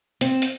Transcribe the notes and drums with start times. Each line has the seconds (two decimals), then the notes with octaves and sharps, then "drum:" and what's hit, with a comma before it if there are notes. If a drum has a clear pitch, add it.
0.21 C4, drum: hi-hat
0.42 drum: hi-hat